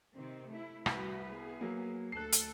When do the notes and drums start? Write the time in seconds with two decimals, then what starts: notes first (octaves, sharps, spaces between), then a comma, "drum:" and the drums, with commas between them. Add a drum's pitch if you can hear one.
0.14 C3 D#3 C4
0.48 A3 E4
0.86 C2 G3 F#4 B4, drum: rim click
1.31 B3 G#4
1.61 F#3 A#3
2.12 D2 A4 F#6 C7
2.32 drum: hi-hat